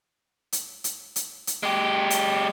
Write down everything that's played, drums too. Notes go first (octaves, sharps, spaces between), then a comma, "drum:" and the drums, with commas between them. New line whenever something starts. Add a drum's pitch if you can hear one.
drum: hi-hat
drum: hi-hat
drum: hi-hat
drum: hi-hat
G#3 G4
drum: hi-hat